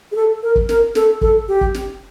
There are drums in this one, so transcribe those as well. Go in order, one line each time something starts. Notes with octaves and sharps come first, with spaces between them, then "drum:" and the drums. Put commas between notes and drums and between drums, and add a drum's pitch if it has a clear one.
G#4
A4
A#4
drum: kick
A#4, drum: snare
A4, drum: snare
A4, drum: kick
G4
drum: kick
drum: snare